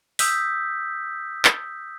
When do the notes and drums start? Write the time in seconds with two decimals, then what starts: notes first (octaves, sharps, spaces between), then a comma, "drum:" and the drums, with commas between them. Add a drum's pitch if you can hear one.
0.19 D#6 E6 G6 B6, drum: open hi-hat
1.45 drum: clap